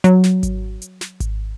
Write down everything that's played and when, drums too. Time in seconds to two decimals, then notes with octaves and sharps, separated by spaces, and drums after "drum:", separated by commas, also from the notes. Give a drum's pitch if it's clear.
0.04 F#3, drum: hi-hat
0.24 drum: snare
0.43 drum: kick G#1, hi-hat
0.82 drum: hi-hat
1.01 drum: snare
1.20 drum: kick G#1, hi-hat